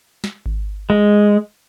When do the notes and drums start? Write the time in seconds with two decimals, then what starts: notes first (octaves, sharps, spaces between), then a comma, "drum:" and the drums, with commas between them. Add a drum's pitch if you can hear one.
0.24 drum: snare
0.46 drum: kick G#1
0.90 G#3